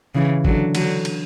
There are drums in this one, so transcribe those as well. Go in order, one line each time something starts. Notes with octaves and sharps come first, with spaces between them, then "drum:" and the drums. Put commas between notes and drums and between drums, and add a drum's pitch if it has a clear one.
C#3 E3
D3 F#3, drum: kick G#1
D3 F#3, drum: cymbal
drum: cymbal